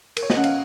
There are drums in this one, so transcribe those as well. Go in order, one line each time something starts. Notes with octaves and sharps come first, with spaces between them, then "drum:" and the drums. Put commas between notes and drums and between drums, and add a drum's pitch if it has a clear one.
A#4, drum: cymbal
C#5
D#5, drum: snare
C#4 F#5
F5, drum: cymbal